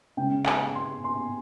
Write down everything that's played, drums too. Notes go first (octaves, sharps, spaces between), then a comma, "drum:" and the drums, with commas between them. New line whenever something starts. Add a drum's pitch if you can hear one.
C#3 G#3 C#4 G5
G#5, drum: clap
C6
C6